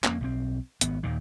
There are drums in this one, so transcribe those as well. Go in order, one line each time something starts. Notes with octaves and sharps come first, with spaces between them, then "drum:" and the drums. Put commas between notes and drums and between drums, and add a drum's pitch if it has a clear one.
F2 A#3 C#4, drum: clap
B1 D#3 C4
G#1 B3, drum: hi-hat
D#2 A#2 D#3